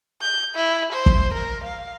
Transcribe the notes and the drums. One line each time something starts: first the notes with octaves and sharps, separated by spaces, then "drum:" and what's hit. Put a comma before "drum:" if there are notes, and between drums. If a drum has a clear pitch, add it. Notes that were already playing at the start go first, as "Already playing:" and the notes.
G6
E4
C5
drum: kick
A#4
F5